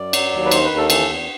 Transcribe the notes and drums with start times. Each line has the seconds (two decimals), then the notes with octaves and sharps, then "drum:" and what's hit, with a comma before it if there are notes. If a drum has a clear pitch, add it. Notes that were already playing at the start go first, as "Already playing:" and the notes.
Already playing: F#2 D5
0.13 F#3, drum: cymbal
0.33 D#2
0.45 B4
0.51 D#3 C5, drum: cymbal
0.65 B4
0.71 D#2
0.78 A4
0.90 E3 A4, drum: cymbal
1.10 E2